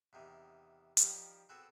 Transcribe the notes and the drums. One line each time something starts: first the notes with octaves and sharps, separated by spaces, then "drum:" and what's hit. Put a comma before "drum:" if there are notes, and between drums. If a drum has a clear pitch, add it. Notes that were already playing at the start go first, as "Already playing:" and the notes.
E2 C3 D#3
D#3 F3 G3, drum: hi-hat
B3 C4 F#4 G#4 A4